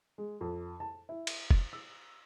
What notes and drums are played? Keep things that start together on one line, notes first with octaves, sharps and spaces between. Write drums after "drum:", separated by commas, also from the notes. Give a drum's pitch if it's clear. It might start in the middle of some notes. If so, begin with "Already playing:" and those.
G#3
F2
A5
E4
drum: cymbal
A6, drum: kick
E6